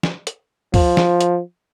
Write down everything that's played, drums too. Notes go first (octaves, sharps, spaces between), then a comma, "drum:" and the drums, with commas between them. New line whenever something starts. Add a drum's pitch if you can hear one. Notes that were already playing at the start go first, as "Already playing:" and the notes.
drum: snare
drum: hi-hat
F3, drum: kick, open hi-hat
drum: snare
drum: hi-hat